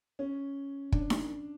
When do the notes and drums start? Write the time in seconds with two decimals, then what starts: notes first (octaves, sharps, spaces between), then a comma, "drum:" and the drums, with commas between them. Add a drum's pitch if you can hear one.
0.19 C#4
0.92 D4, drum: kick
1.10 drum: snare D#4